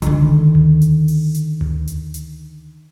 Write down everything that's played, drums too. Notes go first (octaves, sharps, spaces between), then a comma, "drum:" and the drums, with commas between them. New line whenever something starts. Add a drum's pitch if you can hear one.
D3 D#3, drum: hi-hat
drum: tom D2
drum: hi-hat
drum: open hi-hat
drum: hi-hat
drum: tom D2
drum: hi-hat
drum: hi-hat